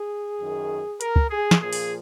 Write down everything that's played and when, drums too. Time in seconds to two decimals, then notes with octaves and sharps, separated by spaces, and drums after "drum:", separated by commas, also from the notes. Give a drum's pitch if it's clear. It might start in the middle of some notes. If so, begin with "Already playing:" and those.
Already playing: G#4
0.40 F#2 D#3
1.01 A#4, drum: hi-hat
1.16 drum: kick
1.30 G#4
1.51 drum: snare
1.60 A#2 F3 G#4
1.73 drum: open hi-hat